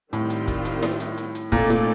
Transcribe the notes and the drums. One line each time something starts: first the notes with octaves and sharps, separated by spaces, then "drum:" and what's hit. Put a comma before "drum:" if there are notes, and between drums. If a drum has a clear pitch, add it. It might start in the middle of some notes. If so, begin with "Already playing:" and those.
A2 D#3 G3 C4 F4, drum: hi-hat
drum: hi-hat
drum: kick, hi-hat
drum: hi-hat
drum: snare E4
drum: hi-hat
drum: hi-hat
drum: hi-hat
A#2 A3 C4 D#4 A4 D5, drum: kick, hi-hat
A#2, drum: hi-hat